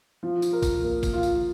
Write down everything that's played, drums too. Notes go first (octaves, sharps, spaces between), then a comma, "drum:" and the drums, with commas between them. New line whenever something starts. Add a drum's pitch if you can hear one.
F3
drum: tambourine
A#4
drum: kick, tambourine
A#3
drum: kick, tambourine
F4
drum: tambourine